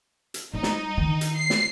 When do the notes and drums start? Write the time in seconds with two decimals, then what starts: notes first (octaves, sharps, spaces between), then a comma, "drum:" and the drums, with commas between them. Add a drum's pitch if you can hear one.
0.34 drum: hi-hat
0.54 G3 D#4
0.63 drum: snare
0.97 D#3
1.21 drum: hi-hat
1.36 C7
1.50 drum: snare